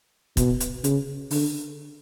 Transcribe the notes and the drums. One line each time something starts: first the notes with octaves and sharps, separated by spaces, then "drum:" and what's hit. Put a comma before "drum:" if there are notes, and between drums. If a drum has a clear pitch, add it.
B2, drum: kick, hi-hat
drum: hi-hat
C#3, drum: hi-hat
D3, drum: open hi-hat